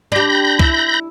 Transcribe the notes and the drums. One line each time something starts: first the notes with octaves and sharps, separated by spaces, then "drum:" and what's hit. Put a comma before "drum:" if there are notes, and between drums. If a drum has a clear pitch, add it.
D4 G4 B5 G6 A#6
E4, drum: kick C2